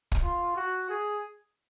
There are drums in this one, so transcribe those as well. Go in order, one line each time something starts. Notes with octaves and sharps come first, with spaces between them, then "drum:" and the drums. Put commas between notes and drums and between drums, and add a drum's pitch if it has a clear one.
drum: kick
F4
F#4
G#4